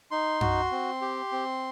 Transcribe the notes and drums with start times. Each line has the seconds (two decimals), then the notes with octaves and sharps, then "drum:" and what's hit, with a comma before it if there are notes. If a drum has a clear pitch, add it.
0.11 D#4 C6
0.41 F#4, drum: tom F#2
0.71 C4
1.01 G4
1.32 C4